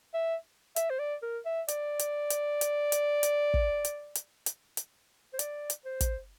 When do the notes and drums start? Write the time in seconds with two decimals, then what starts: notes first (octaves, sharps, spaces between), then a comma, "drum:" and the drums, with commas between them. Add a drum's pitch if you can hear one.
0.14 E5
0.76 E5, drum: hi-hat
0.90 C5
0.99 D5
1.22 A#4
1.46 E5
1.68 D5, drum: hi-hat
1.99 drum: hi-hat
2.30 drum: hi-hat
2.61 drum: hi-hat
2.92 drum: hi-hat
3.23 drum: hi-hat
3.54 drum: kick
3.85 drum: hi-hat
4.15 drum: hi-hat
4.46 drum: hi-hat
4.77 drum: hi-hat
5.34 C5
5.39 D5, drum: hi-hat
5.70 drum: hi-hat
5.85 C5
6.01 drum: kick, hi-hat